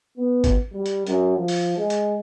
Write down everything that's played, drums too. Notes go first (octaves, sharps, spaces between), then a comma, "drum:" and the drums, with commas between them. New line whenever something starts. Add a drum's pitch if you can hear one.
B3
drum: kick G#1, hi-hat
G3
drum: hi-hat
F#2, drum: hi-hat
F3
drum: open hi-hat
G#3
drum: hi-hat